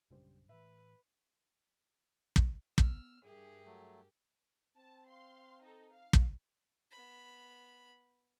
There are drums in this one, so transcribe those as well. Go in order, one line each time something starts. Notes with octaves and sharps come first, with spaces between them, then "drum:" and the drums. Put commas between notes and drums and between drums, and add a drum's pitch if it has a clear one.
A#1 F#2 C#3 G3 D4 C5
A2 E3 B4 E5
drum: kick
B3 E6 F6, drum: kick
G2 G4 G#4 A#4 E5
F#3 A3
C4 A5
F5 C6
D#4 A4
F5
drum: kick
B3 B5